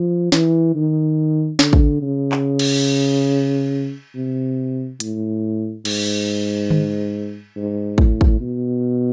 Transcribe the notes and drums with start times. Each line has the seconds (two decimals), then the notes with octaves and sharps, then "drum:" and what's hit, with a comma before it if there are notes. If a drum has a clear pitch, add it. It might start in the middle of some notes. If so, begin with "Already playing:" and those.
Already playing: F3
0.32 E3, drum: snare
0.75 D#3
1.59 D3, drum: snare
1.73 drum: kick
2.02 C#3
2.32 drum: clap
2.59 drum: cymbal
4.15 C3
5.00 A2, drum: hi-hat
5.85 G#2, drum: cymbal
6.70 drum: tom D3
7.56 G#2
7.98 A2, drum: kick
8.21 drum: kick
8.40 B2